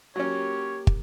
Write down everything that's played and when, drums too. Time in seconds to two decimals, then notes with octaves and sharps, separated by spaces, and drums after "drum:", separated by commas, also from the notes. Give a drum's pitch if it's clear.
0.16 F#3 A#3 C#4 G4 C#5
0.87 drum: kick